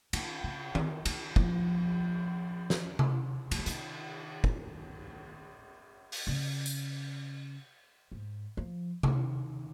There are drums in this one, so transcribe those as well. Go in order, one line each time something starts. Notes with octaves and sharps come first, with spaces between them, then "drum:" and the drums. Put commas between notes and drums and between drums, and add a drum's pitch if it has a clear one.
D#3, drum: cymbal
C#3
D#3, drum: tom D#3
D#3, drum: cymbal
F3, drum: kick
drum: snare
drum: tom C3
D#3, drum: cymbal
F3
D#3, drum: hi-hat
drum: kick
drum: open hi-hat
C#3
drum: tambourine
G#2
F3
D#3, drum: tom C3